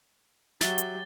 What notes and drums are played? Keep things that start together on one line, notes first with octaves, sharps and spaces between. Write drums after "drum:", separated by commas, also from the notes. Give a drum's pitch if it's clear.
F#3 F#4 G4 E5 G#5 A6 G7, drum: snare
drum: hi-hat